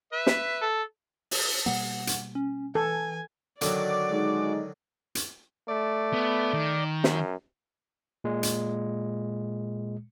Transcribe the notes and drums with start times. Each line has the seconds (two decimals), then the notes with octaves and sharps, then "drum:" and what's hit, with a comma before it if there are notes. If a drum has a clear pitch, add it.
0.12 B4 E5
0.27 drum: snare
0.62 A4
1.31 drum: open hi-hat
1.66 B2 G3 A#3 F#5
2.07 drum: hi-hat
2.35 C#4
2.75 E3 A4 G#5
3.61 D3 D#3 F#3 F#4 D5 D6, drum: hi-hat
4.11 G#3 D#4
5.15 drum: hi-hat
5.68 A3 D5
6.13 B3
6.54 D#3
7.04 F#2, drum: snare
8.24 A#2 G#3
8.43 drum: hi-hat